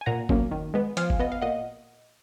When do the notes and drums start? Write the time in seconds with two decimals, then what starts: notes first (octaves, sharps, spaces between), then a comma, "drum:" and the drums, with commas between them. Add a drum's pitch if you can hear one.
0.01 G#5
0.06 A#2 F#5 A#5
0.29 F#3 A#3 C#4, drum: kick G1
0.51 D#3
0.74 G#3 B3
0.97 F3 F5 G#5, drum: hi-hat
1.10 drum: kick G1
1.19 B3 D#5
1.32 F5
1.42 A#2 D#5 F#5